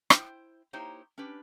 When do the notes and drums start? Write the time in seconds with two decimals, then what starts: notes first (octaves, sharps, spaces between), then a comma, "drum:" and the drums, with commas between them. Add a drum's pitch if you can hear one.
0.10 E4 C5 G5, drum: rim click
0.73 A#3 D#4 E4 G4 C5 C#5
1.18 C#4 D4 G4 B4